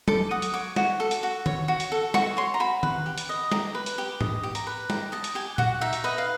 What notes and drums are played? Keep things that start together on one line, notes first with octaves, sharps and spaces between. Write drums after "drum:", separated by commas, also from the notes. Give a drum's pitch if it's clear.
A4 D6, drum: tom F#3
F#4 D#6
drum: hi-hat
C#5 D6
F#4, drum: snare
A4
drum: hi-hat
F#4
C#5, drum: tom D#3
F#4
drum: hi-hat
A4
F#4 C#6, drum: snare
C#5 C6
A#5
F#4 B5
B4, drum: tom D#3
G4
drum: hi-hat
D#5
G4 A#5, drum: snare
B4
drum: hi-hat
G4
D#5, drum: tom G#2
G4
A#5, drum: hi-hat
B4
G4 A#5, drum: snare
D#5 A5
drum: hi-hat
G4 G#5
F#4 F#5, drum: tom A#2
D#4 E5
drum: hi-hat
B4 D#5
F5